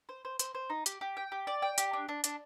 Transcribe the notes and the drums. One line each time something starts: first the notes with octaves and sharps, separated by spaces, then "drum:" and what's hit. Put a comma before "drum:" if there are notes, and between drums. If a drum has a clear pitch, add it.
C5
C5
C5, drum: hi-hat
C5
D#4
G4, drum: hi-hat
G4
G5
G4
D5
G5
G4, drum: hi-hat
D4
D4
D4, drum: hi-hat